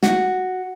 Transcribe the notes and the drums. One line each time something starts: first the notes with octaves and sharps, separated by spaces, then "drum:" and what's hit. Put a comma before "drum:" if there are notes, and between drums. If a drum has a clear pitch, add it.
F#4, drum: snare